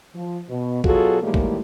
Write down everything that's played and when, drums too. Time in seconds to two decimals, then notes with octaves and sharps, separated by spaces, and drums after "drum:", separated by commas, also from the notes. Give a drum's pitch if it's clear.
0.15 F3
0.49 B2
0.84 B2 F#3 F4 F#4 G#4 A4, drum: kick
1.23 A2 D#3 E3 G3 G#3 A#3
1.34 drum: kick